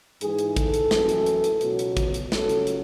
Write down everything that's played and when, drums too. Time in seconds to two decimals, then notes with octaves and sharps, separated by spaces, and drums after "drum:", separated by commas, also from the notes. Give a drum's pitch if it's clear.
0.21 G#2 E3 G#4, drum: hi-hat
0.39 drum: hi-hat
0.57 A4, drum: kick, hi-hat
0.74 drum: hi-hat
0.91 F#2 E3, drum: snare
1.09 drum: hi-hat
1.26 drum: hi-hat
1.44 drum: hi-hat
1.61 C#2 B2 F#3, drum: hi-hat
1.79 drum: hi-hat
1.97 drum: kick, hi-hat
2.14 drum: hi-hat
2.32 C#2 C#3 F#3 A4, drum: snare
2.49 drum: hi-hat
2.67 drum: hi-hat